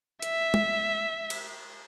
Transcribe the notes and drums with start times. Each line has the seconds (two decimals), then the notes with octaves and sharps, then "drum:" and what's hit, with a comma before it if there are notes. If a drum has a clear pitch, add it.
0.22 E5, drum: hi-hat
0.54 drum: tom
1.30 drum: cymbal